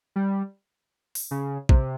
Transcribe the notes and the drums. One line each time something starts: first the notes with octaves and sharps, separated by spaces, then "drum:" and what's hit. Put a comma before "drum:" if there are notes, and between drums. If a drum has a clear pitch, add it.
G3
drum: open hi-hat
C#3
C3, drum: kick